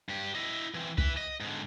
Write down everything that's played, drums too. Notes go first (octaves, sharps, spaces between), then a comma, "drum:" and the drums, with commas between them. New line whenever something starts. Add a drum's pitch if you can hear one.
G2 G4
E4 D#5
E3 C4
E4 B4, drum: kick
D#5
G#2 D3